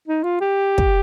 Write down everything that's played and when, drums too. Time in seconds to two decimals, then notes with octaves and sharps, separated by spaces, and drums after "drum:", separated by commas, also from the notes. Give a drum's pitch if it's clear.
0.08 D#4
0.24 F4
0.41 G4
0.78 drum: kick